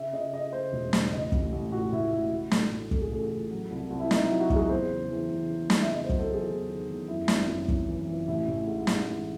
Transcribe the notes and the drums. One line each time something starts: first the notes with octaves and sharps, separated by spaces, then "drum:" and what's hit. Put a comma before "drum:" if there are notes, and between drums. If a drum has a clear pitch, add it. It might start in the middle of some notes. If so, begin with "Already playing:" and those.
Already playing: C#3 E5
C#3 D#5
C#3 D#5
C#3 C5
E1
C#3, drum: snare
A1 D#5
A1, drum: kick
A1
A2 F#4
A1 E4
A1 F#4
A1
A2, drum: snare
A2
A1 A4, drum: kick
G#4
A1 A4
A1
F#3
C2
C2
E4
C2 D#4, drum: snare
E4
F#3
F#4
F#3, drum: kick
G#4
E2 C5
C#3
E3
E2
C#3
C#3, drum: snare
E5
E2 D#5
C5
F#3, drum: kick
A4
E2 G#4
E2
D#3
E2
F#2 E4
G#1, drum: snare
F#2
E3, drum: kick
E3
E3
A1 E4
A1
G#2
A1, drum: snare
E3